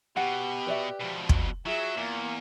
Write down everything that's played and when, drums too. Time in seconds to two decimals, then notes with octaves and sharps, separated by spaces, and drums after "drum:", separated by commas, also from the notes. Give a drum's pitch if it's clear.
0.17 B2 G4 F#5
0.67 B4 D5 E5
1.00 F2 B2
1.29 drum: kick
1.66 F#3 F4 G#4 E5
1.97 E2 A#3